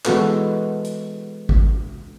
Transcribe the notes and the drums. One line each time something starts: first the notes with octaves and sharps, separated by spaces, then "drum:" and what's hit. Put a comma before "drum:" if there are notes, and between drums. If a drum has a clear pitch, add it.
E3 G#3 B3 F#4 A4 B4, drum: clap
drum: hi-hat
drum: kick G#1